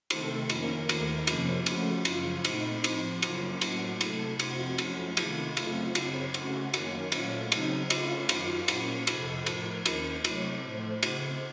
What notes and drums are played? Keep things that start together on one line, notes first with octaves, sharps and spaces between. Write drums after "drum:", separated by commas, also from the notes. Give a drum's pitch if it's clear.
C3 D#3 A3 C4 A4, drum: cymbal
F2 D#3 A#3 C#4 A#4, drum: cymbal
D#2 D#3 A3, drum: cymbal
F2 C3 F3 A#3 C#4, drum: cymbal
C#3 F3 A3 C#4 F#4, drum: cymbal
F#2 C#3 F3 F4, drum: cymbal
A#2 A3 C4 D#4, drum: cymbal
A2 F3 C4, drum: cymbal
F#2 C#3 F#3 A#3 C#4 F4, drum: cymbal
A2 F#3 A#3 C#4 F#4, drum: cymbal
C3 F#3 A3 A4, drum: cymbal
F2 C3 F3 A3 C4 F#4, drum: cymbal
F#2 F3 A3 C#4, drum: cymbal
C3 D#3 A3 F4, drum: cymbal
F#2 C#3 A3 C4, drum: cymbal
F#2 C#3 F#3 C4, drum: cymbal
C#3 A3 C#4 F#4, drum: cymbal
F#2 D#3 A#3 C#4, drum: cymbal
A#2 F#3 A3 C#4 F4, drum: cymbal
C#3 F#3 C4 D#4, drum: cymbal
C#3 A3 C#4 F4, drum: cymbal
F#2 D#3 F#3, drum: cymbal
A#2 F#3 A#3 C#4, drum: cymbal
F2 C3 F3 A4, drum: cymbal
A2 F3 A3 A#4, drum: cymbal
D#2 D#3 A#3 C#4, drum: cymbal
C3 F#3 A3 C4 C#5, drum: cymbal
A2 F3 A3 C5
C#3 A3 C4, drum: cymbal